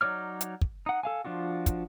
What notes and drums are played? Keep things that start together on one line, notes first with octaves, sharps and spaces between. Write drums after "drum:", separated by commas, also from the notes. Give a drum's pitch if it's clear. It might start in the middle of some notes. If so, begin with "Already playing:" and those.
F#3 D#4 C#5 D5 F6
drum: hi-hat
drum: kick
D#4 F#5
A4 F5 G#5
F3 D4 F4 F#4
drum: kick, hi-hat